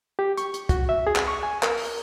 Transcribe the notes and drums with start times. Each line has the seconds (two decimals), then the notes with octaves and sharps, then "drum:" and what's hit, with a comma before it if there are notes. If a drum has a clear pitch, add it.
0.19 G4
0.38 C#6, drum: hi-hat
0.54 drum: hi-hat
0.69 F#4, drum: kick, hi-hat
0.89 E5
1.07 G#4
1.16 drum: clap
1.28 C#6
1.43 G#5
1.63 A#4, drum: clap
1.78 drum: open hi-hat